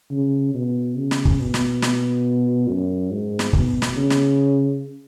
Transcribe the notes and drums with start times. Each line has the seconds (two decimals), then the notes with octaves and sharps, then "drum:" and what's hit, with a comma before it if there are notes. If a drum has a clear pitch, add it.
0.11 C#3
0.54 B2
0.97 C#3
1.11 drum: snare
1.25 drum: kick
1.40 B2
1.54 drum: snare
1.82 drum: snare
2.68 F#2
3.11 G#2
3.39 drum: snare
3.53 B2, drum: kick
3.82 drum: snare
3.96 C#3
4.10 drum: snare